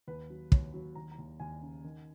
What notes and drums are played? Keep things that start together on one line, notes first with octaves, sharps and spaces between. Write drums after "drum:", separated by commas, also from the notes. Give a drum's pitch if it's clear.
D#2 B4
F#3
D#2 C#5, drum: kick
F#3
D#2 A#5
A#5
D#2
D#2 G#5
C#3
D#3